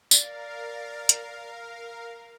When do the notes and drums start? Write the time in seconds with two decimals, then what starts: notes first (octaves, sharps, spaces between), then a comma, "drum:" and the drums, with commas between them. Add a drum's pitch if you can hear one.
0.11 A#4 D5 F5, drum: tambourine
1.09 drum: hi-hat